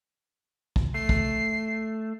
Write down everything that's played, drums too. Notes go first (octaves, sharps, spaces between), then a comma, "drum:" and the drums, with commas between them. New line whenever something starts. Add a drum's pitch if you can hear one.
drum: kick
A3 C7
drum: kick